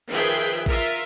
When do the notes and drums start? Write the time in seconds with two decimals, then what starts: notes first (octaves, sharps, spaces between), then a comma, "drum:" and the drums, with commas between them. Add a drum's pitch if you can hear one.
0.10 D#3 F3 G#4 B4 E5 G5
0.66 F4 A#4 E5, drum: kick A1